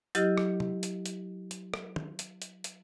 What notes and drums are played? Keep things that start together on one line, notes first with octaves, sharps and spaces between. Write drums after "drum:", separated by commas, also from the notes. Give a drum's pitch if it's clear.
F#3 E4 G4 D#5 E6 F6, drum: hi-hat
drum: rim click
drum: tom
drum: hi-hat
drum: hi-hat
drum: hi-hat
drum: rim click
drum: tom
drum: hi-hat
drum: hi-hat
drum: hi-hat